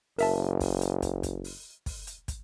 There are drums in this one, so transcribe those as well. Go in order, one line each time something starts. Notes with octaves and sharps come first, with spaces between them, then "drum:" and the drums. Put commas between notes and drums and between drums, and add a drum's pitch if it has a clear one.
F#1 A#4 E5 A5, drum: open hi-hat
drum: kick, open hi-hat
drum: hi-hat
drum: kick, hi-hat
drum: kick, hi-hat
drum: open hi-hat
drum: kick, open hi-hat
drum: hi-hat
drum: kick, hi-hat